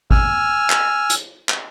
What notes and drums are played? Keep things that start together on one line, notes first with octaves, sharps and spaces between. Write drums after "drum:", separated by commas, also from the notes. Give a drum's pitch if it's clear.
G#5 E6 F6, drum: kick G#1
drum: clap
drum: hi-hat
drum: clap